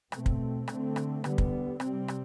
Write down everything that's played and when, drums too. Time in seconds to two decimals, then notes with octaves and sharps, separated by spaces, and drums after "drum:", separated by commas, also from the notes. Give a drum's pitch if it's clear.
0.12 B2 A3 C4, drum: rim click
0.26 drum: kick
0.68 D3 A3 C4, drum: rim click
0.96 drum: rim click
1.24 D3 G3 B3, drum: rim click
1.38 drum: kick
1.80 C3 G3 C4, drum: rim click
2.08 drum: rim click